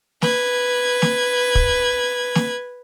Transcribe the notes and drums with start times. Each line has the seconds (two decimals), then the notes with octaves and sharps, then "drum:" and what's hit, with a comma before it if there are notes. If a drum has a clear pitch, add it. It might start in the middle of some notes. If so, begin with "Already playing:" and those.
0.22 B4 G#6, drum: snare
1.02 drum: snare
1.55 drum: kick
2.35 drum: snare